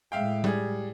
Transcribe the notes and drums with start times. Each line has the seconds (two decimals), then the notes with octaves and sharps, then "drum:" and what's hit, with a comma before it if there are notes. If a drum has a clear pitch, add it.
0.12 A2 G#3 E5 F5 G5
0.44 G3 G#4, drum: tom G3